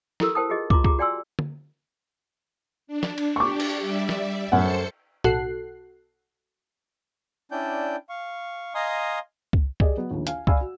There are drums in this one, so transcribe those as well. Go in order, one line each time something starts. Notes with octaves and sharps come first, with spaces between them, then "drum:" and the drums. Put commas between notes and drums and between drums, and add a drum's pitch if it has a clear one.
E4 G4 A4 A#4 E6, drum: snare
A#4 C5 G5 A5 D#6
F4 G4 G#4 D#5
F4 A#5 C6 D6, drum: kick
F4 G4 G#4 A#5 D6, drum: kick
F#4 D5 G5 G#5 C6 E6
drum: tom
D4
drum: snare
drum: cymbal
D4 G4 C#6 D6
drum: cymbal
G3 D5 E5
drum: snare
F#2 A4 C5 F#5 C#7
B1 F#4 A4 F#6 C7, drum: tom A2
C#4 D4 E4 D5 G5 G6
F5 C#6
D#5 F5 G#5 A#5 C6 D#6
drum: kick
G4 G#4 D5 D#5, drum: kick
F#3 B3
A#1 D#2
F5 G#5, drum: hi-hat
D5 F5 G#5 B5 E6, drum: kick
F#4